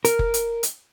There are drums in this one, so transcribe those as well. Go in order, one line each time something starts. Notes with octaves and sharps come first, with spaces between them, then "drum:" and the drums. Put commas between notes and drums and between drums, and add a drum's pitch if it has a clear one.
A#4, drum: hi-hat
drum: kick F#1
drum: hi-hat
drum: hi-hat